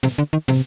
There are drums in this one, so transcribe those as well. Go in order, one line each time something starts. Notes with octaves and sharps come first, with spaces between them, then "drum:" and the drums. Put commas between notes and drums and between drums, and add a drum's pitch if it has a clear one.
C3, drum: snare
D3
D#3
C3, drum: snare